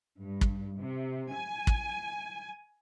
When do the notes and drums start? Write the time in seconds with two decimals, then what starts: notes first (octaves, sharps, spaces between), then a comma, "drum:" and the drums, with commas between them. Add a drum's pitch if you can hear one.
0.20 G2
0.41 drum: kick
0.79 C3
1.36 G#5
1.67 drum: kick